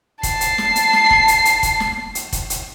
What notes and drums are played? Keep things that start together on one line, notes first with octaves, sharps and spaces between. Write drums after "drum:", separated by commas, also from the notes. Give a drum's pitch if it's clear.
A5 C7, drum: kick F1, hi-hat
drum: hi-hat
drum: snare
drum: hi-hat
drum: snare
drum: kick F1
drum: hi-hat
drum: hi-hat
drum: kick F1, hi-hat
drum: snare
drum: hi-hat
drum: kick F1, hi-hat
drum: hi-hat